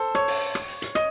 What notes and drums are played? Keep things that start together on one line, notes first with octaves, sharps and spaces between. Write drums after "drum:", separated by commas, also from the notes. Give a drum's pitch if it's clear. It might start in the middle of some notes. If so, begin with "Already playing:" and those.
Already playing: A4 C5
C#5, drum: rim click
drum: open hi-hat
drum: rim click
drum: hi-hat
D#5, drum: rim click